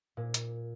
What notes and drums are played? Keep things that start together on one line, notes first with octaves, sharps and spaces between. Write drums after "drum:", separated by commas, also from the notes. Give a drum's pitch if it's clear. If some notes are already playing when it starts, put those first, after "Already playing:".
A#2
drum: hi-hat